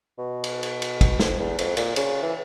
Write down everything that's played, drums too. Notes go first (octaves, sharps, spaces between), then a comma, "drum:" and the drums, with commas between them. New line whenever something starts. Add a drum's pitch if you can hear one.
B2
drum: cymbal
drum: cymbal
drum: cymbal
drum: kick, cymbal
F2, drum: snare
E2
F2, drum: cymbal
A#2, drum: cymbal
C#3, drum: cymbal
E3